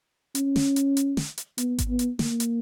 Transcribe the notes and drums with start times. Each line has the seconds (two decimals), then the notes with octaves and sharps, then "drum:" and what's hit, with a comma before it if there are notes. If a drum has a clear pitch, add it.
0.35 C#4, drum: hi-hat
0.56 drum: snare
0.76 drum: hi-hat
0.97 drum: hi-hat
1.17 drum: snare
1.38 drum: hi-hat
1.58 B3, drum: hi-hat
1.78 drum: kick G#1, hi-hat
1.88 B3
1.99 drum: hi-hat
2.19 A#3, drum: snare
2.40 drum: hi-hat